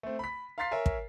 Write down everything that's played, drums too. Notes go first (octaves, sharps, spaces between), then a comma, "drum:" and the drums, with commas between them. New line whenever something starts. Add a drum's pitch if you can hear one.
A3 C4
B5 B6
F5 A#5 C6 A6 B6 C7
A#4 C#5 E5 G#5
drum: kick